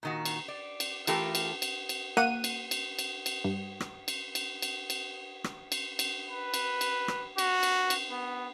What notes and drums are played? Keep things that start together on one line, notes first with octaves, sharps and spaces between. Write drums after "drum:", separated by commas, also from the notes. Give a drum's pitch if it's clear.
A#2 D#3 F#4
drum: cymbal
D5
drum: cymbal
E3 A3 F4 G4 A4 A#4, drum: cymbal
drum: cymbal
drum: cymbal
drum: cymbal
A#3 F#5 D#7, drum: rim click
drum: cymbal
drum: cymbal
drum: cymbal
drum: cymbal
G2
drum: rim click
drum: cymbal
drum: cymbal
drum: cymbal
drum: cymbal
drum: rim click
drum: cymbal
drum: cymbal
B4
drum: cymbal
drum: cymbal
drum: rim click
F#4, drum: cymbal
drum: cymbal
drum: cymbal
B3